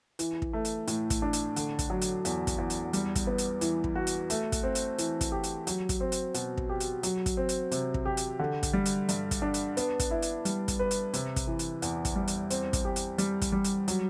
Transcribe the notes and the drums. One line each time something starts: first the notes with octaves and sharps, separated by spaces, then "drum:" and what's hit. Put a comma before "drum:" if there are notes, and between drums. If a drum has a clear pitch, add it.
E3, drum: hi-hat
drum: kick
A3
drum: hi-hat
A2, drum: hi-hat
drum: kick, hi-hat
D4
drum: hi-hat
D3, drum: hi-hat
drum: kick, hi-hat
F#3
drum: hi-hat
E2, drum: hi-hat
drum: kick, hi-hat
E2
drum: hi-hat
G3, drum: hi-hat
drum: kick, hi-hat
B3
drum: hi-hat
E3, drum: hi-hat
drum: kick
F#4
drum: hi-hat
A3, drum: hi-hat
drum: kick, hi-hat
C4
drum: hi-hat
E3, drum: hi-hat
drum: kick, hi-hat
G4
drum: hi-hat
F#3, drum: hi-hat
drum: kick, hi-hat
C4
drum: hi-hat
B2, drum: hi-hat
drum: kick
G4
drum: hi-hat
F#3, drum: hi-hat
drum: kick, hi-hat
C4
drum: hi-hat
C3, drum: hi-hat
drum: kick
G4
drum: hi-hat
D3
drum: kick, hi-hat
G3
drum: hi-hat
G2, drum: hi-hat
drum: kick, hi-hat
D4
drum: hi-hat
B3, drum: hi-hat
drum: kick, hi-hat
E4
drum: hi-hat
G3, drum: hi-hat
drum: kick, hi-hat
B4
drum: hi-hat
C3, drum: hi-hat
drum: kick, hi-hat
E3
drum: hi-hat
E2, drum: hi-hat
drum: kick, hi-hat
G3
drum: hi-hat
C4, drum: hi-hat
drum: kick, hi-hat
G4
drum: hi-hat
G3, drum: hi-hat
drum: kick, hi-hat
G3
drum: hi-hat
F#3, drum: hi-hat